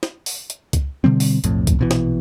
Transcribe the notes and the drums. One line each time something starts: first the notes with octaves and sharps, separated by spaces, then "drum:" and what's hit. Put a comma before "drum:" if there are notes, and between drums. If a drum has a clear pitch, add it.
drum: snare
drum: open hi-hat
drum: hi-hat
drum: kick C#2, hi-hat
B2 D3 G3 C4
drum: open hi-hat
B1 F2 A2, drum: hi-hat
drum: kick C#2, hi-hat
A#1 B2 E3
drum: snare